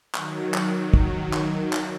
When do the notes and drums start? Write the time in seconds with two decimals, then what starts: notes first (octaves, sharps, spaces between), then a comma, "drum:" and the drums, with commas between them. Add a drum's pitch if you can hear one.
0.14 D#3 F#3, drum: clap
0.54 drum: clap
0.94 drum: kick
1.33 drum: clap
1.73 drum: clap